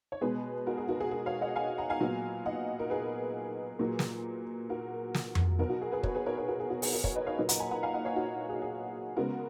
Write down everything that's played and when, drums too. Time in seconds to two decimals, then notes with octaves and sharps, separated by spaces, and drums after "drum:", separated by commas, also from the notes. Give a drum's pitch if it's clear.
0.12 C#5
0.21 B2 G#3 B3 G#4 B4
0.67 F#4 A#4
0.77 G#4
0.89 F#4 A#4
1.00 G#4
1.11 G#4
1.26 C#5 F5
1.41 D#5 F#5
1.56 F5 G#5
1.78 F#5 A#5
1.90 F5 G#5
2.00 A#2 F#3 B3
2.46 D#5 F#5
2.79 A#4
2.90 G#4 B4
3.79 A#2 F#3 A#3
3.99 drum: snare
4.70 F#4 A#4
5.15 drum: snare
5.35 drum: tom F2
5.59 B2 F#3 B3 F#4 A#4
5.70 F#4
5.82 G#4
5.92 G#4 B4
6.03 A#4 C#5, drum: kick
6.15 G#4 B4
6.26 A#4 C#5
6.37 A#4 C#5
6.48 F#4 A#4
6.60 G#4
6.70 F#4
6.82 G#4, drum: open hi-hat
6.93 F#4 A#4
7.04 A#4 C#5, drum: kick
7.16 B4 D#5
7.26 C#5 F5
7.38 A#2 F#3 A#3 B4 D#5
7.49 F#5 A#5, drum: hi-hat
7.60 G#5 B5
7.71 F#5 A#5
7.83 F5 G#5
7.94 D#5 F#5
8.05 C#5 F5
8.16 F#4
8.49 G#4
8.62 G#4
9.17 C#3 G#3 B3 F#4 A#4